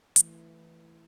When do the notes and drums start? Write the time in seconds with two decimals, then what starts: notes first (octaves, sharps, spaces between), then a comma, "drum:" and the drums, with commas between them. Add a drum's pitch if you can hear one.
0.16 E3 A3, drum: hi-hat